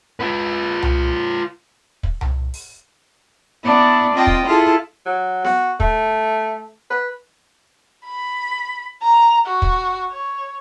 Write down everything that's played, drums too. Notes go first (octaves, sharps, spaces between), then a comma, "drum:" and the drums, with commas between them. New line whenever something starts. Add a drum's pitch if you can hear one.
F4 B4
drum: tom C2
drum: kick
drum: tom C2
drum: open hi-hat
B3 D4 E4 D5
C4 F4 D#5 G5 A5
drum: kick
E4 F4 G#4 A4
F#3
F#4, drum: snare B3
A3, drum: kick
B4
B5
A#5
F#4
drum: kick
C#5